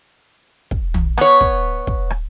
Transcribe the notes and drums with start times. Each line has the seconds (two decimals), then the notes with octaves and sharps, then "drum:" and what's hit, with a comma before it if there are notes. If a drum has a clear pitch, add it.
0.71 drum: kick
0.94 drum: tom
1.18 B3 C#5, drum: rim click
1.41 drum: kick
1.87 drum: kick
2.10 drum: rim click